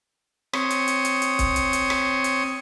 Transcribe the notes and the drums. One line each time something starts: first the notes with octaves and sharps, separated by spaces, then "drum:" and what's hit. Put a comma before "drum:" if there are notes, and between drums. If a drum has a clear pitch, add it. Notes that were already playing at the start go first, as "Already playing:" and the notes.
C4 C#5 D#6, drum: rim click
drum: hi-hat
drum: hi-hat
drum: hi-hat
drum: hi-hat
drum: kick, hi-hat
drum: hi-hat
drum: hi-hat
drum: rim click
drum: hi-hat